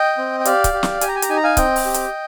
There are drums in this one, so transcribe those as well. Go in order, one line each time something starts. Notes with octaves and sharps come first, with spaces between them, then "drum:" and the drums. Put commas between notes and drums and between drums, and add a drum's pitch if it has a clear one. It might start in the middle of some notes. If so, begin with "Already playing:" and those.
Already playing: D#5 G5
C4
G5
G4 D5 F5, drum: hi-hat
drum: kick C#1, hi-hat
G4
drum: snare
G4 G#5, drum: hi-hat
A#5
G#5
A#5, drum: hi-hat
D#4 G#5
A#5
F5 G#5
C4 D#5 G5, drum: kick C#1, hi-hat
drum: open hi-hat
G4
drum: hi-hat